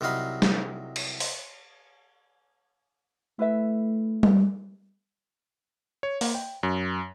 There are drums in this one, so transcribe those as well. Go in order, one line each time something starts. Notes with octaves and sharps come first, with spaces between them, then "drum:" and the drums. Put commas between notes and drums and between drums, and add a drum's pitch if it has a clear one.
C2 C3 F#3 D#4 F5 B5
drum: snare
drum: cymbal
drum: open hi-hat
A3 E4 B4 E5
drum: tom G3
C#5
A#3, drum: open hi-hat
G5
F#2